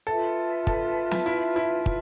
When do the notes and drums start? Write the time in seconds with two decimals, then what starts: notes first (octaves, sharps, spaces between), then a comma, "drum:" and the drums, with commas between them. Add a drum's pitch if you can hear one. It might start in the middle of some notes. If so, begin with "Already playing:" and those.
0.07 F4 A4 B4 E5 A5
0.67 A4, drum: kick
1.11 drum: snare
1.26 E4
1.56 E4
1.86 drum: kick